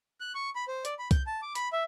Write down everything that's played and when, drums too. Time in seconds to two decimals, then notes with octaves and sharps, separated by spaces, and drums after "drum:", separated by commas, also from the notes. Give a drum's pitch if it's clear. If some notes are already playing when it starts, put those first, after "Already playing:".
0.20 F#6
0.35 C#6
0.55 B5
0.68 C5
0.85 D5, drum: hi-hat
0.99 B5
1.11 G6, drum: kick, hi-hat
1.27 A5
1.42 D6
1.55 B5, drum: hi-hat
1.73 E5